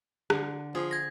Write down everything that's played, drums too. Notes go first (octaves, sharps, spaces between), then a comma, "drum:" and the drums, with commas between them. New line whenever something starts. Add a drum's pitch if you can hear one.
D3, drum: rim click
F3 G#4
G#6 A#6